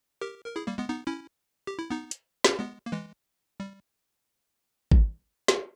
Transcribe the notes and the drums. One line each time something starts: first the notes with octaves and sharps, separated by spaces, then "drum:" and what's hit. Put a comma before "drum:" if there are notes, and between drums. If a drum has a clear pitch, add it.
G4 A#4
A#4
E4 G#4
G3 A#3
G#3 B3
B3 D#4
C#4 E4
G4
E4
B3 D#4
drum: hi-hat
drum: snare
G#3 B3
A#3
E3 G#3
G3
drum: kick G#1
drum: snare